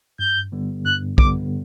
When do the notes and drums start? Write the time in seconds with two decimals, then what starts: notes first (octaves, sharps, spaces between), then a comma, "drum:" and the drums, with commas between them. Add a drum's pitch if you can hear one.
0.19 G2 G6
0.52 D3 G3 B3
0.85 G2 F#6
1.18 D3 G3 B3 D6, drum: kick